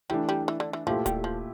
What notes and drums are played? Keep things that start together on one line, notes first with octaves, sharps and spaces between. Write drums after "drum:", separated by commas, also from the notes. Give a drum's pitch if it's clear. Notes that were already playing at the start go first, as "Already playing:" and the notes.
E3 G3 A3 D4
G3
E3
D3
E3
A#2 F3 A3 E4 G4
G3, drum: kick D1, hi-hat
F3